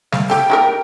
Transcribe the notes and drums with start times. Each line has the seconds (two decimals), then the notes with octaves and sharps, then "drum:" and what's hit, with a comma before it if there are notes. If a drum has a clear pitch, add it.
0.12 F5, drum: snare G3
0.30 G4 A4 G5
0.50 D#4 G4 A#4